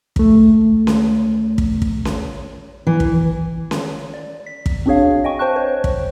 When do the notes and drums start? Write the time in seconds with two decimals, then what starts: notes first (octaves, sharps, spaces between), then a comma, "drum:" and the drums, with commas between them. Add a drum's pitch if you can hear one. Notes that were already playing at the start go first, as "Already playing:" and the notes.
0.16 C#2 A3, drum: kick
0.87 drum: snare C#4
1.58 drum: kick
1.82 drum: kick
2.05 drum: snare C#4
2.87 E3
3.00 drum: kick
3.71 drum: snare C#4
4.14 D5
4.46 B6
4.66 drum: kick
4.86 C4 D4 F#4 G#4 C#5 F5
5.24 D#5 G5 G#5 C#6
5.39 C5 G5 A5 C#6 F#6
5.56 C5 C#5
5.84 drum: kick